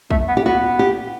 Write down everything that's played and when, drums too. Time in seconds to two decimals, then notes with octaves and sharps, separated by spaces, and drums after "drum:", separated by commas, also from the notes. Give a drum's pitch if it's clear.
0.11 A3, drum: kick A#1
0.28 B3
0.37 G4
0.46 B3 F#4
0.79 G4